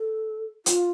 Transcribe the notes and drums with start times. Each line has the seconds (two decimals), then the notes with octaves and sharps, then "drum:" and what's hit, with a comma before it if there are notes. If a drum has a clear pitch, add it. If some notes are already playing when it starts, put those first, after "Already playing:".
Already playing: A4
0.66 F4, drum: hi-hat